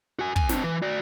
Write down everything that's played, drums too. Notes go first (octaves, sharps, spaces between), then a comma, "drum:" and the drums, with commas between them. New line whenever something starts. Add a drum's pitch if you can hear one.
F#4 G#5
E2 G#5, drum: kick
C4 D4, drum: snare
E3
F#4 D5